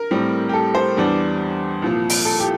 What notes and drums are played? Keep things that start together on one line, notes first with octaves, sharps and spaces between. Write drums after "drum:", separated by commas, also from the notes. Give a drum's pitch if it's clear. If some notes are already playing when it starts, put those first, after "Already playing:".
Already playing: A#4
A2 G3 C4
G4
A4
C5
E2 E3 G3 D4
C2 A#2 F3
drum: open hi-hat
A4
G4